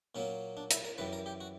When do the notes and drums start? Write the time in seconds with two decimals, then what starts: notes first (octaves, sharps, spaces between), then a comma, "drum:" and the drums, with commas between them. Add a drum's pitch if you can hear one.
0.15 A#2 F#3 A#3 C#4
0.57 D4
0.71 E4, drum: hi-hat
0.85 A#4
0.98 F#2 E3 G3 B4
1.13 A#4
1.26 G4
1.41 F#4